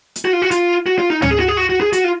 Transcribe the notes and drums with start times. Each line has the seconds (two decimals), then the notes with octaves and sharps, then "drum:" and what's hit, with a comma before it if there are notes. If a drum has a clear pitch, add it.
0.16 drum: hi-hat
0.25 F#4
0.33 F4
0.42 F#4
0.51 F4, drum: hi-hat
0.86 F#4
0.99 F4
1.10 D#4
1.22 C#4, drum: tom
1.31 G#4
1.40 F#4
1.48 G#4
1.57 F#4
1.70 F#4
1.81 G#4
1.93 F#4, drum: hi-hat
2.04 F4